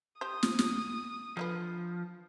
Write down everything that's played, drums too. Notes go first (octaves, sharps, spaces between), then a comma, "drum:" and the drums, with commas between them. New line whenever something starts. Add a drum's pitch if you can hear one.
G4 C5 D#6
drum: snare
drum: snare
D3 F3 D#4 B4